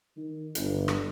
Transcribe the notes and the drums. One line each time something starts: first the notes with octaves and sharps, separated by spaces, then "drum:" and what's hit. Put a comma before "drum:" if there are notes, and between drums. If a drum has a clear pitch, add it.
D#3
G1, drum: hi-hat
drum: rim click